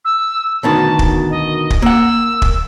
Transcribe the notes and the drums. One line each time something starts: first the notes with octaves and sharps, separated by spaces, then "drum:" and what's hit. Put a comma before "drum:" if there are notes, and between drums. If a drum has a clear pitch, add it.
E6
D2 B2 D#3 A5
drum: kick
D#5
drum: kick
A#3 F#5 E6
drum: kick